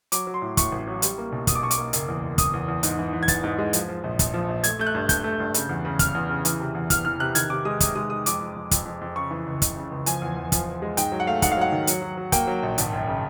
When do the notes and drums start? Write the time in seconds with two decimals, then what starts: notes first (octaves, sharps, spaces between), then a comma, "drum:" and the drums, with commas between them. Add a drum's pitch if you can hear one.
0.12 F#3 D6, drum: hi-hat
0.27 F#3
0.34 C6
0.42 A2
0.57 A2 C#6, drum: kick, hi-hat
0.72 A1
0.87 F#3
1.02 G3, drum: hi-hat
1.18 A#3
1.32 B1
1.47 B2 D#6, drum: kick, hi-hat
1.55 D6
1.63 B1 C#6
1.71 D6, drum: hi-hat
1.77 A#3
1.93 F#1, drum: hi-hat
2.08 E2
2.23 F#1
2.38 F#1 D#6, drum: kick, hi-hat
2.53 E2
2.68 E2
2.83 G#2, drum: hi-hat
2.99 E3
3.13 E3
3.23 G#6
3.28 E3 A6, drum: kick, hi-hat
3.44 G#2
3.58 G#3
3.73 F3, drum: hi-hat
3.88 F3
4.04 A#1
4.19 A#1, drum: kick, hi-hat
4.34 F3
4.48 A#1
4.64 A3 G#6, drum: hi-hat
4.79 A3 G6
4.87 F#6
4.95 G2
5.09 G2 G6, drum: kick, hi-hat
5.24 A3
5.40 G2
5.54 C#3, drum: hi-hat
5.69 E2
5.85 C#3
5.99 C#3 F6, drum: kick, hi-hat
6.15 E2
6.29 C#3
6.45 E3, drum: hi-hat
6.60 C3
6.75 E2
6.90 E2 F6, drum: kick, hi-hat
7.05 E3 F6
7.20 C3 F#6
7.35 D#3 G#6, drum: hi-hat
7.50 C3 D6
7.65 G#3 D#6
7.80 C3 D#6, drum: kick, hi-hat
7.95 G#3 D#6
8.10 G#3 D#6
8.26 F2 D6, drum: hi-hat
8.41 F2
8.56 F2
8.71 F2, drum: kick, hi-hat
8.86 F2
9.01 F2
9.16 C#3 C#6
9.31 E3
9.47 C#2
9.62 C#2, drum: kick, hi-hat
9.76 C#3
9.91 C#2
10.06 F3 G#5, drum: hi-hat
10.22 E2
10.37 E2
10.52 F3, drum: kick, hi-hat
10.67 F3
10.82 G#3
10.97 G#2 G5, drum: hi-hat
11.12 F#3
11.20 F#5
11.27 A3 F5
11.42 G#2 F#5, drum: kick, hi-hat
11.52 F5
11.57 F#3 F#5
11.72 D#3
11.87 F#3, drum: hi-hat
12.02 F#3
12.17 F#3
12.32 A#3 G5, drum: kick, hi-hat
12.47 F#3
12.63 A#1
12.78 G#1, drum: hi-hat
12.93 F#2
13.07 C#3